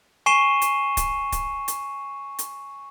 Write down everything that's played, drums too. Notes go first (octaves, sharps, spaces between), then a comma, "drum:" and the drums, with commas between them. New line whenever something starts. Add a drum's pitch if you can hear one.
G#5 C#6 C7 D#7 E7 G7
drum: hi-hat
drum: kick C#1, hi-hat
drum: kick C#1, hi-hat
drum: hi-hat
drum: hi-hat